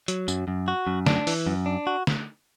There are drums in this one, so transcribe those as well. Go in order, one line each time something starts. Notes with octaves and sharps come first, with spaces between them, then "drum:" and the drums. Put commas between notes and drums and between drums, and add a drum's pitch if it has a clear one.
F#3, drum: hi-hat
F#2, drum: tambourine
F#2
F#4
F#2
D4, drum: snare
E3, drum: open hi-hat
F#2
D4
F#4
drum: snare